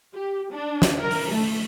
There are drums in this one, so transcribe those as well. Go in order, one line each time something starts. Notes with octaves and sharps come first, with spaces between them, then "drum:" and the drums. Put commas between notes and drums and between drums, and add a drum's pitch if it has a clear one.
G4
D4
drum: snare
A#4
drum: open hi-hat
A3